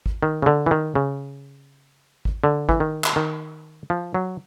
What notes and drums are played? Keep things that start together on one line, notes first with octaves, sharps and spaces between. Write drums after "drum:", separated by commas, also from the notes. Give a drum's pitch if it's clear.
drum: kick G#1
D#3
C#3
D3
E3
D#3
C#3
drum: kick G#1
D3
E3, drum: kick G#1
D#3
drum: clap
D#3
F3
F#3